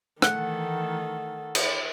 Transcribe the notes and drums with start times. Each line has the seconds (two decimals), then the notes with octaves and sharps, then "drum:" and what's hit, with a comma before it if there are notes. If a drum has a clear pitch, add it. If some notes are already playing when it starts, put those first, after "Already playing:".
0.22 D#3 E3 A3 A4 F#5 F#6, drum: rim click
1.55 drum: cymbal